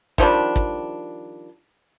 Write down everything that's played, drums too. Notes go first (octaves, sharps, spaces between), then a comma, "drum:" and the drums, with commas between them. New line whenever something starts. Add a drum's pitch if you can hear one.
D#3 F3 G3 D4, drum: kick
drum: kick